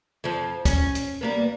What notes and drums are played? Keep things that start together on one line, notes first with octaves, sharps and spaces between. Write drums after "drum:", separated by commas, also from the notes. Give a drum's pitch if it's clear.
F2 F3
C#4, drum: kick, hi-hat
drum: hi-hat
G3 A#3 B3